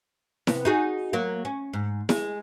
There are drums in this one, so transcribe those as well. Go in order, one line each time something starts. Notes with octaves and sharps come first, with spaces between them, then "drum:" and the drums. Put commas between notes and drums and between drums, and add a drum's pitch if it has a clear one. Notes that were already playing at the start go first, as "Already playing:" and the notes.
C3 B3, drum: snare E4
D#4 F#4 G#4
F#3 A#3
C#4
G#2
G#3, drum: snare E4